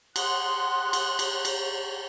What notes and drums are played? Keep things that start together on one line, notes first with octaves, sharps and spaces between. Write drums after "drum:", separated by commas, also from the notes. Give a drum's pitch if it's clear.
F#5 C6 D#6 F#6, drum: cymbal
drum: cymbal
drum: cymbal
drum: cymbal